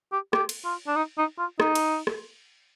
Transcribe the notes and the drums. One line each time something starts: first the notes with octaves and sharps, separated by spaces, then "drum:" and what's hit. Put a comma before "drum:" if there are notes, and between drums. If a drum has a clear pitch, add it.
G4
G4, drum: rim click
drum: cymbal
F4
D4
D#4
D#4
F4
D#4, drum: rim click
drum: cymbal
drum: rim click